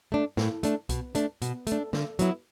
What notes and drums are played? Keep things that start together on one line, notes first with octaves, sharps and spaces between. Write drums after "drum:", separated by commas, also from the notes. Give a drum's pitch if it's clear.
A3 D4
A2, drum: snare
A3 D4, drum: hi-hat
B2, drum: kick C2, hi-hat
A3 D4, drum: hi-hat
B2, drum: hi-hat
A3, drum: hi-hat
D4
D3, drum: snare
F#3 B3 E4, drum: hi-hat